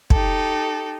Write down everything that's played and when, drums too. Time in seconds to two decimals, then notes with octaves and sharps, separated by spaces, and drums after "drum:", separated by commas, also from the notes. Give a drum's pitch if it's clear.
0.10 D#4 G4 A4, drum: kick